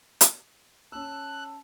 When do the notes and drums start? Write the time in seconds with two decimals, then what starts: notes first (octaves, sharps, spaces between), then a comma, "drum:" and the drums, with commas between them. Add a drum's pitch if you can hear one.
0.21 drum: hi-hat
0.92 C#4 A5 E6 F#6